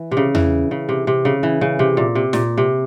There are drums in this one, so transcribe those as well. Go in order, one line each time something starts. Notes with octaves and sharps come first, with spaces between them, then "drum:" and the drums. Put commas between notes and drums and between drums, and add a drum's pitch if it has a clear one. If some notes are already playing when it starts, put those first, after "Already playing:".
Already playing: E3
C3
C#3
E3, drum: tom E2
C#3
C3
C3
C#3
E3
C#3
C3
A#2
C3
A#2, drum: snare
C3